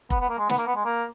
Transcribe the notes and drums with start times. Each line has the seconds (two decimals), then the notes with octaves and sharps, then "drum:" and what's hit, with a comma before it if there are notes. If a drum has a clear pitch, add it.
0.10 B3, drum: kick F1
0.20 B3
0.29 A#3
0.38 G#3
0.49 B3, drum: snare
0.58 A#3
0.67 B3
0.76 G#3
0.85 A#3